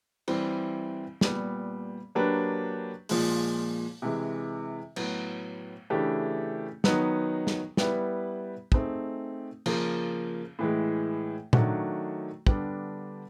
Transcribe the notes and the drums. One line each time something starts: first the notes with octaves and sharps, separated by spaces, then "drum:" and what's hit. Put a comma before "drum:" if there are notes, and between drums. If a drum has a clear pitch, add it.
E3 G3 C4 E4, drum: cymbal
A#2 G3 B3, drum: snare
F#3 A#3 D4 G4 B4
A#2 F3 G#3, drum: open hi-hat
C3 E3 G#3
A2 F#3 B3, drum: cymbal
C#3 E3 A3 D4 G4
D#3 F#3 B3 D#4, drum: snare
drum: snare
G3 B3 E4 G4 B4, drum: snare
A3 C4 D#4 G#4, drum: kick
C#3 F3 A#3, drum: cymbal
A2 E3 G#3
D#3 F#3 A3 D4 F#4, drum: tom A#2
D3 G3 B3 D4, drum: kick